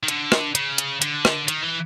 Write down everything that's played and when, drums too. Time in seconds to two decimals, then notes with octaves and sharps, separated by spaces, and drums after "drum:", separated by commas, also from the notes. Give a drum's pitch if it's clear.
0.03 D#3
0.08 D3, drum: hi-hat
0.32 drum: rim click
0.55 C#3, drum: hi-hat
0.78 drum: hi-hat
1.02 D3, drum: hi-hat
1.25 drum: rim click
1.48 D#3, drum: hi-hat
1.63 E3